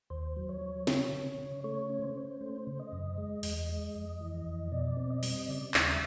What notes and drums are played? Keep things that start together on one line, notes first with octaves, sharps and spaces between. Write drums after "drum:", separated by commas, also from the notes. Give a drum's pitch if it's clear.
D#2 C5
F#3
C#5
F#3
C#3 C#5, drum: snare
C#3
C#3
A3 C#5
C#4
C5
C#4
A3 C5
C#3
D#5
F#2
G#3
E2, drum: open hi-hat
G#3
F2
E3
F2
B2 D5
C4
D#5
G3, drum: open hi-hat
C#3 D5
D#2, drum: clap
E5